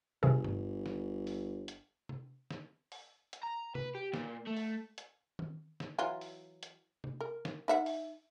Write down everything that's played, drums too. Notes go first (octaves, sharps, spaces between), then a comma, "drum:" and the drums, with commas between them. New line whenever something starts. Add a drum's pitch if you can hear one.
G1 C3 G#4
drum: tom G2
drum: snare
drum: open hi-hat
drum: hi-hat
drum: tom C3
drum: snare
drum: open hi-hat
drum: hi-hat
A#5
B4, drum: tom C3
G4
A#2, drum: snare
A3
drum: open hi-hat
drum: hi-hat
drum: tom D#3
drum: snare
E3 F#3 F4
drum: open hi-hat
drum: hi-hat
drum: tom C3
A#4
drum: snare
D#4 E5 F#5
drum: open hi-hat